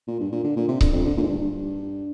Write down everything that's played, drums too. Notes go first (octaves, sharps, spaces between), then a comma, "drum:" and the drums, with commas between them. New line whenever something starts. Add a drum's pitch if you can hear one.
A#2
G2
A#2
D3
A#2
C3
D3, drum: kick C#1
F2
D3
A#2
G#2
G2
G2